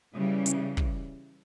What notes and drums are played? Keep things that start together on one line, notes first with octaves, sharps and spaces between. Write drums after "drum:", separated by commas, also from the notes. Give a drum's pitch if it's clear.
C#3 E3 G3
drum: hi-hat
drum: kick